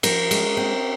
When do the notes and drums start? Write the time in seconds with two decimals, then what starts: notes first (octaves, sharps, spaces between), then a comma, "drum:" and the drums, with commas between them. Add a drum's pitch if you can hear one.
0.03 F3 A#4, drum: cymbal
0.31 G#3, drum: cymbal
0.57 C4